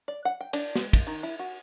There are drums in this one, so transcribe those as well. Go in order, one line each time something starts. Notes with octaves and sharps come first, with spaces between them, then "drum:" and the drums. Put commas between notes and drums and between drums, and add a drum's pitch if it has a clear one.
D5
F#5
G5
D4, drum: cymbal
G#3, drum: snare
drum: kick, cymbal
D#3
E4
F#4